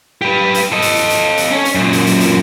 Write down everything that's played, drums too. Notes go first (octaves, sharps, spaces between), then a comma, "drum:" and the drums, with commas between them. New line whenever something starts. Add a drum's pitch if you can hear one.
G4 B4
drum: hi-hat
A4 D#5
drum: hi-hat
drum: hi-hat
drum: hi-hat
drum: hi-hat
C#4 C#5
drum: hi-hat
F#2 A#2
drum: hi-hat
drum: hi-hat
drum: hi-hat